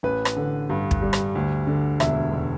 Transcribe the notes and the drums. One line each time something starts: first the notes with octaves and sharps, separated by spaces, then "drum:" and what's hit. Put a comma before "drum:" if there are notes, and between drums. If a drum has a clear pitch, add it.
A1 B4
drum: rim click
D3
G2
drum: kick
G3
drum: rim click
D2
D3
E1 E5, drum: rim click
E1